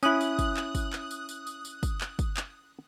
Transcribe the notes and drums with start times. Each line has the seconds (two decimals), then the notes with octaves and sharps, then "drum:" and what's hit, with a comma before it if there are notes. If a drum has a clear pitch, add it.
0.03 C#4 E4 D#6 F#6 F#7, drum: tambourine
0.21 drum: tambourine
0.39 drum: kick, tambourine
0.57 drum: clap
0.75 drum: kick, tambourine
0.93 drum: clap
1.11 drum: tambourine
1.29 drum: tambourine
1.47 drum: tambourine
1.65 drum: tambourine
1.83 drum: kick, tambourine
2.01 drum: clap
2.19 drum: kick, tambourine
2.37 drum: clap